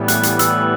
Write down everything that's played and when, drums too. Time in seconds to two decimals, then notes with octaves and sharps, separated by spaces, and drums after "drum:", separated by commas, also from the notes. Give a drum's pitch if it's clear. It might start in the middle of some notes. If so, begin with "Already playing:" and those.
Already playing: A2 E3 G3 B3
0.08 F#6, drum: hi-hat
0.23 drum: hi-hat
0.39 E6, drum: hi-hat